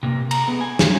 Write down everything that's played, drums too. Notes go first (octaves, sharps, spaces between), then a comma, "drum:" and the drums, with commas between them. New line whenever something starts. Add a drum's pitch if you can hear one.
C3 A#3
A#5, drum: cymbal
B3 G#4
G#5
drum: snare